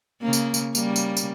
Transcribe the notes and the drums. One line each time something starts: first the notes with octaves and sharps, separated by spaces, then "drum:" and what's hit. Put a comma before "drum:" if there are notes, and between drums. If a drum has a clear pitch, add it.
C#3 A#3
drum: tambourine
drum: tambourine
C#3 G3 A#3, drum: tambourine
drum: tambourine
drum: tambourine